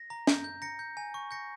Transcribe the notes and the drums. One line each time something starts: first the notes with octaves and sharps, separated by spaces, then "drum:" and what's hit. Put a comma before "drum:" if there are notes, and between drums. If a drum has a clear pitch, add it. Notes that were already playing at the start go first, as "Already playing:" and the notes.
Already playing: A#6
A#5
G6, drum: snare
G6
A#5 A#6 C#7
G6
G#5
C#6
G6 A#6 C#7